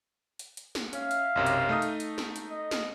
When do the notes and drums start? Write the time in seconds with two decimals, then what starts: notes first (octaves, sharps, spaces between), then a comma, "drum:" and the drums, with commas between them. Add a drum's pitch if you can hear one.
0.39 drum: hi-hat
0.57 drum: hi-hat
0.75 drum: snare
0.93 C#4 E5 F5, drum: hi-hat
1.11 drum: hi-hat
1.36 B1 F#2 C3
1.46 drum: hi-hat
1.69 A3 D#4 D#6
1.82 drum: hi-hat
2.00 drum: hi-hat
2.18 drum: snare
2.36 drum: hi-hat
2.49 D#5
2.71 drum: snare